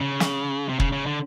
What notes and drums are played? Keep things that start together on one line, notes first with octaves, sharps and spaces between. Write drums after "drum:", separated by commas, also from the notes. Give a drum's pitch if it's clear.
C#3
drum: snare
C3
C#3, drum: kick
C#3
D3